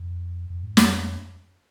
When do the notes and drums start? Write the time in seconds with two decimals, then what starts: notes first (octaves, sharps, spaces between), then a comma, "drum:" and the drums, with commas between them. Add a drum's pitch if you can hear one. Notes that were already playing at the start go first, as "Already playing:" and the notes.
Already playing: F2
0.50 F2
0.63 G#2
0.77 F2, drum: snare